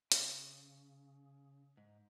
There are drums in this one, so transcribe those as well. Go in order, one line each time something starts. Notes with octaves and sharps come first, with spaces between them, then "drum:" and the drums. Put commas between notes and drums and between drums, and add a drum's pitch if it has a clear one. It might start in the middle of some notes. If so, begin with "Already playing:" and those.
C#3, drum: hi-hat
G#2